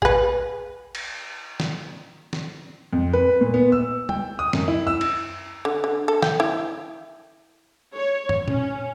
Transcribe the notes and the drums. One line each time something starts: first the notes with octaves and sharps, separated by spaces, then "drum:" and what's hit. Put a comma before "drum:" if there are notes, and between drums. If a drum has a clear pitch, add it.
G#4 B4, drum: kick G#1
drum: cymbal
drum: snare
drum: snare
F2
B4
A#2
B3
E6
G5, drum: tom
D#6
F#2, drum: snare
E4
E6
drum: cymbal
D3
D3
A4
G5, drum: snare
E4
C#5
drum: tom
C#4, drum: tom A#2